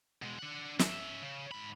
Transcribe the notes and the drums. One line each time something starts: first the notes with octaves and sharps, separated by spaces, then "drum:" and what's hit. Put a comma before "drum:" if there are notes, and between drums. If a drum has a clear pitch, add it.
B2 G#3
D4 F#5
C#4 E5, drum: snare
C#3
G#2 B5